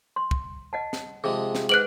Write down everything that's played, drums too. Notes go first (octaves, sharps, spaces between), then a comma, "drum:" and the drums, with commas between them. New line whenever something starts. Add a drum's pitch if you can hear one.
C6
drum: kick
D#5 F#5 A5
drum: snare
C3 F3 G#3 G#4
drum: snare
G#2 G#4 B4 F#5 F#6 D7 F#7